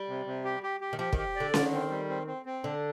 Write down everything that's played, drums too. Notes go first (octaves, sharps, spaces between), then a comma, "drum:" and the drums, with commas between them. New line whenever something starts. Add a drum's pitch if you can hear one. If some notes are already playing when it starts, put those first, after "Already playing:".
Already playing: G3
C3
C3
G4
G4
G4
D#3
F3 G4
D#3, drum: kick
G4
D3 D5
D3 D#3, drum: snare C#4
C4
G3
C4
C4
C4
D3 D4